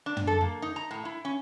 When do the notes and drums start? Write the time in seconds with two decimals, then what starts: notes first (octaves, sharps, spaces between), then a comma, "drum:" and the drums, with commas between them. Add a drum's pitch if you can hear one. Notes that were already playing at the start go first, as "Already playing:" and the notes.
0.06 D4
0.17 drum: tom
0.27 A4
0.41 A#3
0.62 D#4
0.76 A#5
0.91 A2
1.05 E4
1.25 C#4